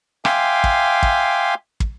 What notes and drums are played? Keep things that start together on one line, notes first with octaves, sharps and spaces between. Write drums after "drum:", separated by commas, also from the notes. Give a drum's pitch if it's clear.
E5 F5 G5 G#5 C6 D6, drum: rim click
drum: kick
drum: kick
drum: kick